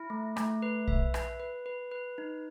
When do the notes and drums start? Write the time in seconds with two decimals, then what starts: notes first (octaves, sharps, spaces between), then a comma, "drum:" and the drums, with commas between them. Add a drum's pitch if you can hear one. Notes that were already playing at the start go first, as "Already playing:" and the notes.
Already playing: E4
0.10 A3
0.37 A3, drum: rim click
0.62 B4
0.88 E5, drum: kick
1.14 B4, drum: rim click
1.40 B4
1.66 B4
1.91 B4
2.18 D#4